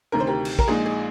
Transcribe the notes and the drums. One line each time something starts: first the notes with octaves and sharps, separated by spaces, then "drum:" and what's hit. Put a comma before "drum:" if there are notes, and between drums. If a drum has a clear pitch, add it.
D2 C3 D#3 A#4
C5
G4 A#4
drum: cymbal
A#4, drum: kick
A#1 A#2 G#3 D#4 G#4
G#4